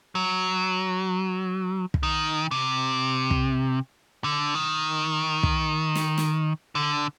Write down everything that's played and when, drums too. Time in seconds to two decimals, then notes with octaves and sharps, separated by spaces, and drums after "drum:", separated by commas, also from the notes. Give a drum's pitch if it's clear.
0.15 F#3
1.94 drum: kick
2.03 D#3
2.51 C3
3.31 drum: kick
4.24 D3
4.55 D#3
5.43 drum: kick
5.95 drum: snare
6.18 drum: snare
6.75 D3